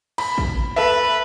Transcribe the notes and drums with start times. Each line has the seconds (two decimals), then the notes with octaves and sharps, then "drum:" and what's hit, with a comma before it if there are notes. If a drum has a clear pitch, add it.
0.18 B5, drum: cymbal
0.38 drum: kick A1
0.76 A4 B4 E5